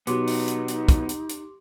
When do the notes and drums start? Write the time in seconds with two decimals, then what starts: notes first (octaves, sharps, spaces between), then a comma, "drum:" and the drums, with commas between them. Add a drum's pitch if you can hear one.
0.07 B2 F#3 B3 D#4 G4 C6 D6, drum: hi-hat
0.27 drum: open hi-hat
0.48 drum: hi-hat
0.68 drum: hi-hat
0.89 drum: kick, hi-hat
1.09 drum: hi-hat
1.29 drum: hi-hat